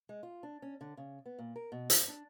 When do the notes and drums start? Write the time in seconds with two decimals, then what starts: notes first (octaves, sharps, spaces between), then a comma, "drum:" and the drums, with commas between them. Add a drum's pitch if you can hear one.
0.09 G#3
0.23 F4
0.43 D4
0.62 C#4
0.81 D3
0.97 C#3
1.26 B3
1.39 A#2
1.56 A#4
1.72 B2
1.90 G2, drum: hi-hat
2.08 D4